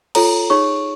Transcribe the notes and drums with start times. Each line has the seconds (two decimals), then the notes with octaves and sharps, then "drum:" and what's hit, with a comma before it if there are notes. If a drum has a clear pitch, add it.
0.15 F4 A4 C#5 A#5, drum: cymbal
0.50 D#4 G#4 C#5 C#6